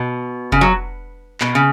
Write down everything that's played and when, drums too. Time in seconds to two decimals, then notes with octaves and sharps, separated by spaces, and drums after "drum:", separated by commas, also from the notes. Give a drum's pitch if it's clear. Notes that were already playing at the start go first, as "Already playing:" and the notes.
Already playing: B2
0.52 C#3, drum: kick F1
0.61 F#3
1.41 B2, drum: clap
1.55 C#3